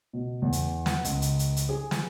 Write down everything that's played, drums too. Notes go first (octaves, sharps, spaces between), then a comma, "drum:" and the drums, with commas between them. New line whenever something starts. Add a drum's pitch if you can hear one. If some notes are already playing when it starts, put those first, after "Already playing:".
B2
E2
drum: hi-hat
F#5, drum: snare
C#2, drum: hi-hat
drum: hi-hat
drum: hi-hat
drum: hi-hat
G#4
drum: snare